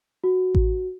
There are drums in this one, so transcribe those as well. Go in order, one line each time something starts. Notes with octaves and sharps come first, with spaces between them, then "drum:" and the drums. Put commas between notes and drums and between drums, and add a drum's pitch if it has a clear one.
F#4
drum: kick A1